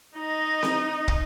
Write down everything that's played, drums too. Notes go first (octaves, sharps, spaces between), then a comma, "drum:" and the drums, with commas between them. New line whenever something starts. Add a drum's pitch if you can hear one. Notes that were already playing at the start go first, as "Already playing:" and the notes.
D#4 D#5
drum: snare C4
drum: kick